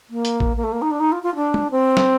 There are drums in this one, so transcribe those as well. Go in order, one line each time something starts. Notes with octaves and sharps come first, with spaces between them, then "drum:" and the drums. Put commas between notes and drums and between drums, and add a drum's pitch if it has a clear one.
A#3
drum: hi-hat
drum: kick A1
A#3
A3
A#3
D#4
D4
D#4
F4
F4
D4
drum: tom
C4
drum: snare